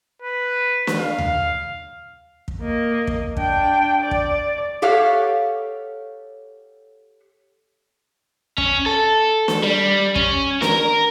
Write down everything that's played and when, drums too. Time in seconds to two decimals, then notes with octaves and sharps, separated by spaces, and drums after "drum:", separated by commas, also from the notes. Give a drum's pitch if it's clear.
0.22 B4
0.87 drum: snare
0.99 F5
1.18 drum: tom D2
2.48 drum: kick
2.61 A#3 D#5
3.07 drum: kick
3.37 D4 G5, drum: kick
4.01 D5
4.11 drum: kick
4.82 G4 A4 C#5 F5 F#5
8.58 C#4, drum: kick
8.86 A4
9.48 drum: snare
9.63 G3
10.16 C#4, drum: kick
10.62 A#4, drum: snare